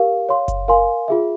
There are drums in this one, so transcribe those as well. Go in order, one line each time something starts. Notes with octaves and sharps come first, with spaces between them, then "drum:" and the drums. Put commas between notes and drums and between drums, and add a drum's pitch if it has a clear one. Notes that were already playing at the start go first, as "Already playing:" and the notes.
Already playing: G4 A#4 F5
C#5 F5 C6
drum: kick F#1, hi-hat
A#4 F5 G#5 C6
F4 G#4 E5